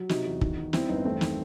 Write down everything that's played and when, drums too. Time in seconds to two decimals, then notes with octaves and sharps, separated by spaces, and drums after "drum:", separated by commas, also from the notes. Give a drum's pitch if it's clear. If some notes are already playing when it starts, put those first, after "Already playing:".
Already playing: F#3
0.09 C3 D#4 F#4, drum: snare
0.26 E2
0.41 D#3, drum: kick
0.57 D#3
0.73 G3 C4 E4, drum: snare
0.89 G1 B3 D#4
1.05 E2 A3 C4
1.21 D#3, drum: snare